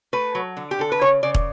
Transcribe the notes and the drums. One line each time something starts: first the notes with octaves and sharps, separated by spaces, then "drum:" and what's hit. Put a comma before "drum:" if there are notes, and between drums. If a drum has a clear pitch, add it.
A3 B4
F#3
D3
G4
D3 A4
B4
C#3 C#5
C#3 D5
drum: kick